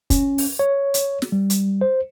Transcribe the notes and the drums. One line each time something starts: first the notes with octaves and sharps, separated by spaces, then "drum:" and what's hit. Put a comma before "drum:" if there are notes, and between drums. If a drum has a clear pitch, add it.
C#4, drum: kick, hi-hat
drum: open hi-hat
C#5
drum: hi-hat
drum: snare
G3
drum: hi-hat
C5